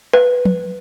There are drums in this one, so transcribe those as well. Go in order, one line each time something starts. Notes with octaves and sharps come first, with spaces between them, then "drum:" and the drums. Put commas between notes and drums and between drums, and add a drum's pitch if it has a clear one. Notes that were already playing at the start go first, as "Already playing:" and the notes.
B4
drum: tom F3